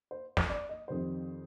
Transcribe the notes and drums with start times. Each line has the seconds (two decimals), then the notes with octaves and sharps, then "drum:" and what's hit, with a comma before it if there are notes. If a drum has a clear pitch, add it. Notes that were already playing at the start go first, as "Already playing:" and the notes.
0.11 C5
0.37 drum: snare
0.50 D5
0.69 D#5
0.88 F2 D#3 G3 C5